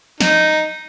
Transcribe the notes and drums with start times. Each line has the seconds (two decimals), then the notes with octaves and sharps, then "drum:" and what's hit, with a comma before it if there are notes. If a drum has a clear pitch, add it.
0.20 D#4, drum: snare